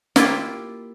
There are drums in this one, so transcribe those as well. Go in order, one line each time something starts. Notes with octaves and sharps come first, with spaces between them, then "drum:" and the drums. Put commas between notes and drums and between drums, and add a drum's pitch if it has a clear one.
A#3 E4 F4 G4, drum: snare